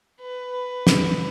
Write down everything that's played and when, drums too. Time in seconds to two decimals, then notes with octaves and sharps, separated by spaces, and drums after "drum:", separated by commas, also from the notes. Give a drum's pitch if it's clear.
0.21 B4
0.87 drum: snare